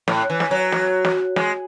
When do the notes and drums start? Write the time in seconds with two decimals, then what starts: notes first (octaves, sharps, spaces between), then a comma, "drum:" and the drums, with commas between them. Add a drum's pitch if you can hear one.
0.08 A2, drum: snare
0.30 E3
0.40 drum: snare
0.51 F#3
0.72 drum: snare
1.05 drum: snare
1.36 G#3, drum: snare